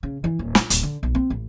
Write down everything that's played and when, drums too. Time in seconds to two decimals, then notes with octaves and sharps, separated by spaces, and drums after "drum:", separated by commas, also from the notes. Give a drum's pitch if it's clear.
0.03 C#3
0.24 E3
0.39 D#1
0.55 F4, drum: snare
0.70 D1, drum: hi-hat
0.83 D3
1.03 B1
1.15 C4
1.30 A1